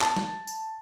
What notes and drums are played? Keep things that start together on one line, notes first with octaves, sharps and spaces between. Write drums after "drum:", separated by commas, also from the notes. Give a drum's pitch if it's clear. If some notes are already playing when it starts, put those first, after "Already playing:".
A5, drum: clap
drum: snare
drum: tambourine